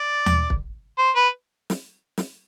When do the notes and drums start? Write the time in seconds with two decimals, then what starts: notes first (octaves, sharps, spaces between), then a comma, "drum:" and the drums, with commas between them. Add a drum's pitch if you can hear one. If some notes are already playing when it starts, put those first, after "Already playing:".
Already playing: D5
0.26 drum: tom D#2
0.50 drum: kick
0.98 C5
1.16 B4
1.70 drum: snare
2.18 drum: snare